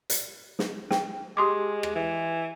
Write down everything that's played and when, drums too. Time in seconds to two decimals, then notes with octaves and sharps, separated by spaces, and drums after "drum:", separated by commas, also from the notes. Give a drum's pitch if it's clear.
0.10 drum: hi-hat
0.59 drum: snare
0.91 G5, drum: snare
1.37 G#3 G4 C6 D6
1.83 drum: rim click
1.95 E3